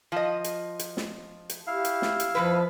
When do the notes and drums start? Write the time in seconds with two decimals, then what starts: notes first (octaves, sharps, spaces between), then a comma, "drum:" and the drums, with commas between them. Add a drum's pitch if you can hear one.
0.12 F3 D#5
0.44 drum: hi-hat
0.79 drum: hi-hat
0.97 drum: snare
1.49 drum: hi-hat
1.67 E4 G4 F5
1.85 drum: hi-hat
2.02 drum: snare
2.20 drum: hi-hat
2.35 F2 C#3 F3 B4